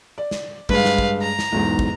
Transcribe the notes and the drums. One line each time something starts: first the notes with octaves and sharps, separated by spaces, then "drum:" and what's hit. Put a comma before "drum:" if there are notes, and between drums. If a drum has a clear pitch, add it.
D5
drum: snare
G2 G#3 B4 F5, drum: kick
drum: snare
drum: kick
A#5
drum: snare
B1 E2 G#2
drum: kick